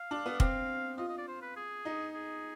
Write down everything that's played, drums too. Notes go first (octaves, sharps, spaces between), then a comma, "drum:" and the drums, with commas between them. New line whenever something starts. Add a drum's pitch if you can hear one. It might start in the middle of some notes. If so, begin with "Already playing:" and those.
Already playing: F5
D4
B3
C4 F5, drum: kick
F4 D#5
D#5
D5
C5
B4
G#4
D#4
G#4